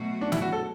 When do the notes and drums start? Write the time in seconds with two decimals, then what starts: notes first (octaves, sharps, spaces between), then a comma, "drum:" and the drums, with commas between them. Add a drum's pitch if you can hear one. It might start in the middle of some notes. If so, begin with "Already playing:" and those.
Already playing: B2 F#3 A3 F#4
0.21 D4
0.32 E4, drum: snare
0.42 F#4
0.52 A4